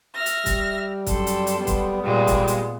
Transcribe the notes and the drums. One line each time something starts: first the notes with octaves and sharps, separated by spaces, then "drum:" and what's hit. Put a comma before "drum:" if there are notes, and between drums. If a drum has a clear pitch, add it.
E5 F6 A#6
drum: hi-hat
G3, drum: kick, hi-hat
F#2 A4 C6, drum: kick, hi-hat
drum: hi-hat
drum: hi-hat
G3 B3
drum: kick, hi-hat
A#2 G3 G#3
drum: kick, hi-hat
drum: hi-hat